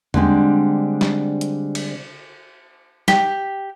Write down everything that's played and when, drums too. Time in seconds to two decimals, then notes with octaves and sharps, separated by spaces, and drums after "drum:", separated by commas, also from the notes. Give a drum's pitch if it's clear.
0.14 D3 G3 G#3 C4 D4, drum: tom E2
1.01 drum: snare
1.41 drum: hi-hat
1.75 drum: cymbal
3.08 G4, drum: snare